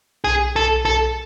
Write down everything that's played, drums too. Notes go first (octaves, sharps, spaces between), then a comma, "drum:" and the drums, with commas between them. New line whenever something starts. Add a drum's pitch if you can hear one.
G#4, drum: tom B1
A4, drum: tom B1
A4, drum: tom B1